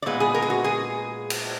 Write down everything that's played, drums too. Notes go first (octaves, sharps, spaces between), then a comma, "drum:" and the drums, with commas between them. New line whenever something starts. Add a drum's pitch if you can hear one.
D5
A#2 G#3 B3 B4
G#4
A#4
G#4
F#4
G#4
drum: cymbal